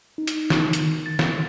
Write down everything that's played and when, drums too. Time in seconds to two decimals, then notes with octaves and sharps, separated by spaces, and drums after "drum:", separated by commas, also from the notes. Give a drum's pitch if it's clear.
0.18 D#4
0.27 drum: hi-hat
0.50 drum: snare
0.73 D#3, drum: hi-hat
1.06 A6
1.19 drum: snare